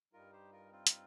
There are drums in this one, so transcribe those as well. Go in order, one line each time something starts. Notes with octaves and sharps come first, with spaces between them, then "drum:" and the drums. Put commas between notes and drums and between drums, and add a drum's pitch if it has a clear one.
G2 G3 D#4 F4 A#4
G4 C5
F4 A#4
C4 F4
drum: hi-hat